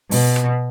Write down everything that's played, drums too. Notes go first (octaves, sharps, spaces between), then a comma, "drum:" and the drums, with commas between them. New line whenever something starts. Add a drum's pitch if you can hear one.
B2, drum: open hi-hat
drum: rim click